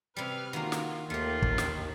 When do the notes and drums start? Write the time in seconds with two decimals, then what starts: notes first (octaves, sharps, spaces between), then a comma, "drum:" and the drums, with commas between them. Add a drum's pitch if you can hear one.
0.16 C3 G3 B4 F6
0.53 D#3 A#3 F4 F#4
0.72 drum: snare
1.10 D#2 D#3 A3 F4 G4
1.42 drum: kick
1.58 drum: snare